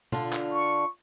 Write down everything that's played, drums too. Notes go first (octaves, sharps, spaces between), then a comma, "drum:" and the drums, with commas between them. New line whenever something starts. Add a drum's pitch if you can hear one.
D3 D4 F4, drum: tom B2
drum: clap
C#6